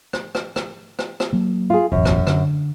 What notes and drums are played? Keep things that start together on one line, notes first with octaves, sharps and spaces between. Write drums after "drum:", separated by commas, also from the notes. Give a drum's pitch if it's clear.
drum: rim click
drum: rim click
drum: rim click
drum: rim click
drum: rim click
F#3 A#3
F4 G#4
E1 A1 F#2
drum: rim click
D3, drum: rim click